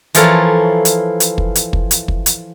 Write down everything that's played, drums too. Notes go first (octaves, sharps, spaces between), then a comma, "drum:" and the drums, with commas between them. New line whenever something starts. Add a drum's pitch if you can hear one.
E3 F3 F4 A4 A#4 C#5, drum: hi-hat
drum: hi-hat
drum: hi-hat
drum: kick
drum: hi-hat
drum: kick
drum: hi-hat
drum: kick
drum: hi-hat